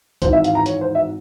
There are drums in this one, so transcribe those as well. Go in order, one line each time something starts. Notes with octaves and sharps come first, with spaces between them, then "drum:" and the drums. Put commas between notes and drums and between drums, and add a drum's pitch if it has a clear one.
G#1 G#2 E3 C5, drum: kick B1, hi-hat
E5
F5, drum: hi-hat
A#5
C#5, drum: hi-hat
C5
E5